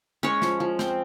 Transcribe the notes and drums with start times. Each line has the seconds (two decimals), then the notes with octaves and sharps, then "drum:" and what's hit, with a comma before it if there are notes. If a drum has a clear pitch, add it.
0.23 G#3 C#4 C#5
0.42 F3, drum: snare
0.60 F3
0.79 C4, drum: snare